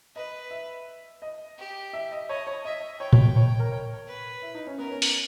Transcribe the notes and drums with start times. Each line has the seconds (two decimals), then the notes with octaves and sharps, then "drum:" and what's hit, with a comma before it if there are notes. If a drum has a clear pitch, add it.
0.16 B4 D#5
0.51 E5
1.22 D#5
1.58 G4
1.93 E5
2.12 D#5
2.29 C#5 D#5
2.47 C#5
2.65 D#5 E5
3.00 C#5 G5
3.13 C#5, drum: tom A2
3.36 C#5
3.59 A#4
3.72 C#5
4.07 B4
4.42 E4
4.54 D#4
4.67 C#4
4.78 B3 A#4
4.90 C#4
5.02 drum: open hi-hat